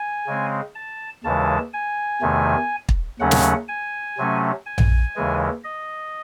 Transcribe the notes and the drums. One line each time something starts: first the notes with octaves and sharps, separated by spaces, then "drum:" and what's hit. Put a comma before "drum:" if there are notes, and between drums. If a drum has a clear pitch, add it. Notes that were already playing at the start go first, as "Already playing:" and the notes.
Already playing: G#5
C#3 G#3 C4
A5
D#2 C#3 E3 G#3 A5
G#5
E2 C3 D#3 A3
drum: kick
D#2 C#3 F#3 A3 C#4 F#5
drum: snare
G#5
C3 F#3 A3 C#4
G#5
drum: tom A#1
D#2 C#3 E3 G#3
D#5